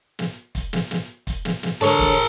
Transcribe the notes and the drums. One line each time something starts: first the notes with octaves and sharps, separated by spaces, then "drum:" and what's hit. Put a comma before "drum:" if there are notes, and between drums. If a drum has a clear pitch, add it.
drum: snare
drum: kick, hi-hat
drum: snare
drum: snare
drum: kick, hi-hat
drum: snare
drum: snare
D3 A#4 C#5 A5
drum: kick, hi-hat